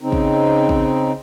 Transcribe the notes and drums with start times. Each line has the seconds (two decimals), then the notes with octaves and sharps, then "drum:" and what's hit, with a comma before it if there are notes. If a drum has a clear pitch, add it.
0.01 C#3 C4 D#4
0.12 drum: kick
0.69 drum: kick